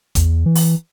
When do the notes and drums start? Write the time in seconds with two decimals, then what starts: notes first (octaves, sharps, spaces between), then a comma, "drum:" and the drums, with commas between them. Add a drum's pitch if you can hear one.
0.15 E2, drum: kick A1, hi-hat
0.46 E3
0.55 drum: open hi-hat